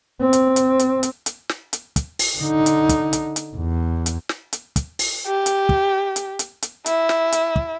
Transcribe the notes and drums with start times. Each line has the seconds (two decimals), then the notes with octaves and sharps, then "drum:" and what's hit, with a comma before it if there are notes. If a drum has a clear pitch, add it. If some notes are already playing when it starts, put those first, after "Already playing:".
0.21 C4
0.33 drum: hi-hat
0.56 drum: hi-hat
0.79 drum: hi-hat
1.03 drum: hi-hat
1.26 drum: hi-hat
1.49 drum: snare
1.73 drum: hi-hat
1.96 drum: kick, hi-hat
2.19 drum: open hi-hat
2.39 D3 D#4
2.66 drum: hi-hat
2.89 drum: kick, hi-hat
3.13 drum: hi-hat
3.36 drum: hi-hat
3.56 E2
4.06 drum: hi-hat
4.29 drum: snare
4.53 drum: hi-hat
4.76 drum: kick, hi-hat
4.99 drum: open hi-hat
5.27 G4
5.46 drum: hi-hat
5.69 drum: kick
6.16 drum: hi-hat
6.39 drum: hi-hat
6.62 drum: hi-hat
6.86 E4, drum: hi-hat
7.09 drum: snare
7.32 drum: hi-hat
7.56 drum: kick